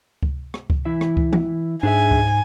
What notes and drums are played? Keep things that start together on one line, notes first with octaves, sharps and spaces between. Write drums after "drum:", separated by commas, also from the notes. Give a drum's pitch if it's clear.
drum: kick C#2
drum: rim click
drum: kick C#2
E3 E4 E5
drum: rim click
drum: kick C#2
drum: tom E3
G#2 D4 G#4 E5 G#5
drum: kick C#2